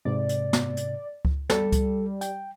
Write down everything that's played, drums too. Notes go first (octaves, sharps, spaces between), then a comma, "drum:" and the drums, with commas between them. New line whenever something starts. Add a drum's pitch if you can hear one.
G#2 C3 D5
drum: hi-hat
drum: snare
drum: hi-hat
drum: kick C#2
G3 A4, drum: snare
drum: kick C#2, hi-hat
G5, drum: hi-hat